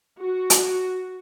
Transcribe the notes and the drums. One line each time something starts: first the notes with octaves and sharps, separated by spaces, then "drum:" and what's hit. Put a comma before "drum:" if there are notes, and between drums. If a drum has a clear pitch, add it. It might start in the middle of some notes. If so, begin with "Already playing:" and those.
F#4
drum: hi-hat